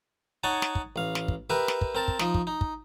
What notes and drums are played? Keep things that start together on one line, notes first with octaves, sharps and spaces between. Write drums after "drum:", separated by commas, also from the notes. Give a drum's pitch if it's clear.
D#4 C#5 F#5 G#5 A5
drum: snare
drum: kick
A1 F5
drum: snare
drum: kick
G4 A#4 B4 E5
drum: snare
drum: kick
C4 A#4 A5
drum: kick
F3 D#4, drum: snare
drum: kick
D#4
drum: kick